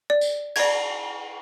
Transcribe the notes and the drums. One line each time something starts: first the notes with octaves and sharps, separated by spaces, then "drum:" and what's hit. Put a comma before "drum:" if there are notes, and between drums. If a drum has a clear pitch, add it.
D5
drum: tambourine
D5 G#6, drum: cymbal